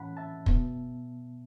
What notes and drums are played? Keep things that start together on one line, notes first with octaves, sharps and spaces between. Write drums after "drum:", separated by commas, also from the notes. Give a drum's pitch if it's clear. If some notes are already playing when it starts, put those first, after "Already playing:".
Already playing: A2 E3 C#4 F#5 A5 B5
E5 A5
B2 B3, drum: kick